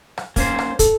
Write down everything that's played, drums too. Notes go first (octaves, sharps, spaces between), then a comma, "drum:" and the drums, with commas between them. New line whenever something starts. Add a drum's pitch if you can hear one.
drum: rim click
A#3 C#4 C5, drum: kick, open hi-hat
drum: rim click
A4, drum: kick, hi-hat